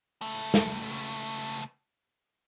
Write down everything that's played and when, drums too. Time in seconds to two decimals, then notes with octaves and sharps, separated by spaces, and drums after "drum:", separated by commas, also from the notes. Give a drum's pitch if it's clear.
0.22 C#2 A3
0.54 drum: snare